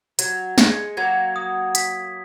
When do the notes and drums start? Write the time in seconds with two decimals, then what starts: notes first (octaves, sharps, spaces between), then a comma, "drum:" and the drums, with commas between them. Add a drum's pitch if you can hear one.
0.19 F#3 G#6, drum: hi-hat
0.58 G#3 C#7, drum: snare
0.97 F#3 A#3 G#6
1.36 D#6
1.75 B6, drum: hi-hat